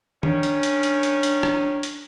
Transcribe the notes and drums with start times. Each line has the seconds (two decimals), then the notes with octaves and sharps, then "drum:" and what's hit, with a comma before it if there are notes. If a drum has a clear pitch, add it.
0.23 D#3 C#4 D4, drum: tom D#3
0.43 drum: hi-hat
0.63 drum: hi-hat
0.83 drum: hi-hat
1.03 drum: hi-hat
1.23 drum: hi-hat
1.43 drum: rim click
1.83 drum: hi-hat